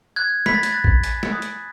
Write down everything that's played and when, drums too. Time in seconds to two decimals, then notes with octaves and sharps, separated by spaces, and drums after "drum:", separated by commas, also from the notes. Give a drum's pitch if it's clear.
0.16 F#6 G#6
0.46 B5 B6, drum: snare
0.54 A6
0.63 G#6, drum: hi-hat
0.72 F#6 A6
0.84 drum: kick A1
1.04 G#5, drum: hi-hat
1.23 drum: snare
1.32 D#6 F#6
1.42 drum: hi-hat